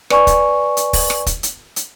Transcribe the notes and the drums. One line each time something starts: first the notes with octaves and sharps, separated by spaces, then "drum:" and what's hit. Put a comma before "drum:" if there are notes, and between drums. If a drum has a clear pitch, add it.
B4 D5 G#5 C#6, drum: rim click
drum: kick, hi-hat
drum: hi-hat
drum: kick, open hi-hat
drum: rim click
drum: kick, hi-hat
drum: hi-hat
drum: hi-hat